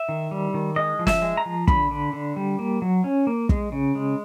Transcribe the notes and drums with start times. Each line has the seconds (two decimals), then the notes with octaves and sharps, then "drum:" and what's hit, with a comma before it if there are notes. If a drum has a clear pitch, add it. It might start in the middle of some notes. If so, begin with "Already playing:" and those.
Already playing: E5
0.09 D#3
0.31 G3
0.54 D#3
0.76 G#3 D#5
0.99 F3
1.07 E5, drum: snare
1.22 G#3
1.37 A#5
1.45 F3
1.68 D3 B5, drum: kick
1.91 D3
2.13 D3
2.36 G3
2.59 A#3
2.82 F#3
3.04 C#4
3.27 A#3
3.49 G#3, drum: kick
3.72 C#3
3.95 G#3